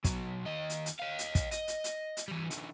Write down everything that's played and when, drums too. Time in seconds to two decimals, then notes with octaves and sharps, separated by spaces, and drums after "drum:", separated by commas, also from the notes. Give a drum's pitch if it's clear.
0.04 B2 F#3, drum: kick, hi-hat
0.45 D#2 D#5
0.70 drum: hi-hat
0.86 drum: hi-hat
1.00 D#5 F5
1.19 drum: hi-hat
1.35 drum: kick, hi-hat
1.51 D#5, drum: hi-hat
1.68 drum: hi-hat
1.84 drum: hi-hat
2.17 drum: hi-hat
2.28 E3 G3
2.51 D3 E3, drum: hi-hat